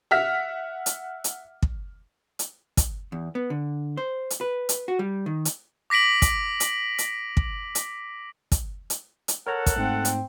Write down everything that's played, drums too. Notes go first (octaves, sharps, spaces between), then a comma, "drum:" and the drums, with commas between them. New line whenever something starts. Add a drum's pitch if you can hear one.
E5 F#5 F6 B6
drum: hi-hat
drum: hi-hat
drum: kick
drum: hi-hat
drum: kick, hi-hat
E2
B3
D3
C5
drum: hi-hat
B4
drum: hi-hat
F#4
G3
D#3
drum: hi-hat
D6 A#6 B6 D7 F#7
drum: kick, hi-hat
drum: hi-hat
drum: hi-hat
drum: kick
drum: hi-hat
drum: kick, hi-hat
drum: hi-hat
drum: hi-hat
A4 A#4 C#5 F#5 A#5
drum: kick, hi-hat
G#2 A3 C4
drum: hi-hat